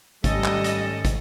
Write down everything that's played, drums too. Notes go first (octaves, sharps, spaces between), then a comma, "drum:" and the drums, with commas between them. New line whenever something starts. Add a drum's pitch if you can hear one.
G#2 D#3 G3 A3 C#4 A4 D#5, drum: kick, hi-hat
drum: clap
drum: hi-hat
drum: kick, hi-hat